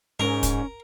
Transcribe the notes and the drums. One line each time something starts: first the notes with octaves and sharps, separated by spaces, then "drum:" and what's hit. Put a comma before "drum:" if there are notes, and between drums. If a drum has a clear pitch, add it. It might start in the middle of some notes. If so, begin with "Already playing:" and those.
G#2 C#4 A#4
drum: kick, hi-hat